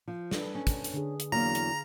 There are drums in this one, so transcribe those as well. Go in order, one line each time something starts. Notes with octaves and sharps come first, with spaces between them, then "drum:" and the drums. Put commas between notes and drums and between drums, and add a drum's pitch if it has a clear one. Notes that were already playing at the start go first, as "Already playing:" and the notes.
F3
D4 A4 B4, drum: snare
C#4
drum: kick, hi-hat
drum: hi-hat
D3 G#4
drum: hi-hat
E2 F#3 A#3 F5 A#5
drum: hi-hat